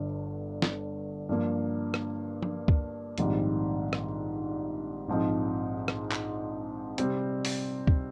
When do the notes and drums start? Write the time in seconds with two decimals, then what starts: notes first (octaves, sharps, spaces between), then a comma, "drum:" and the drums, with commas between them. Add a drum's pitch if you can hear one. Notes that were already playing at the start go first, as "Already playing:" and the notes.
Already playing: G1 G2 D3
0.62 drum: snare
1.29 G2 F3 A#3
1.94 drum: rim click
2.43 drum: tom F3
2.68 drum: kick C#2
3.18 A#1 G#2 D#3 G3 C4, drum: hi-hat
3.93 drum: rim click
5.08 A#1 G#2 F3 C4 D#4
5.88 drum: rim click
6.12 drum: clap
6.98 C3 G3 C4, drum: hi-hat
7.45 drum: open hi-hat
7.87 drum: kick C#2